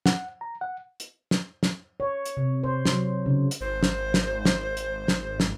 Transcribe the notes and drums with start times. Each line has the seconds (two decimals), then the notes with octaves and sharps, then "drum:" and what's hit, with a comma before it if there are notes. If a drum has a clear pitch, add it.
0.06 F#5, drum: snare
0.41 A#5
0.61 F#5
1.00 drum: hi-hat
1.31 drum: snare
1.63 drum: snare
2.00 C#5
2.26 drum: hi-hat
2.37 C3
2.63 C5
2.85 F#3, drum: snare
3.26 C#3
3.51 drum: hi-hat
3.61 G#1 C5
3.83 drum: snare
4.14 drum: snare
4.45 drum: snare
4.77 drum: hi-hat
5.08 drum: snare
5.40 drum: snare